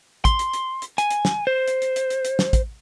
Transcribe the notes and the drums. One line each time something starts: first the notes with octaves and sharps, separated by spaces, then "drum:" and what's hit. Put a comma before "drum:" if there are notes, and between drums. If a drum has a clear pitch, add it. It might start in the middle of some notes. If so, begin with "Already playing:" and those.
C6, drum: kick, hi-hat
drum: hi-hat
drum: hi-hat
drum: hi-hat
G#5, drum: hi-hat
drum: hi-hat
drum: snare
C5
drum: hi-hat
drum: hi-hat
drum: hi-hat
drum: hi-hat
drum: hi-hat
drum: snare
drum: kick, hi-hat